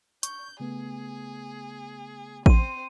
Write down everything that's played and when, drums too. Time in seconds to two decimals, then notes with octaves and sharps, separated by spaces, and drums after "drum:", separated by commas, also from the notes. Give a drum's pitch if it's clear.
0.23 C#6 G6, drum: hi-hat
0.60 C#3 A3 B3 G#4
2.46 C4 C5 C6 D#7, drum: kick A1